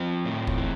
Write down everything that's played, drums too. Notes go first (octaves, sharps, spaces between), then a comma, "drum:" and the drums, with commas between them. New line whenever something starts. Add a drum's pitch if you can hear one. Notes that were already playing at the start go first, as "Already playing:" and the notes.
Already playing: F3 C4
A2
drum: kick
E3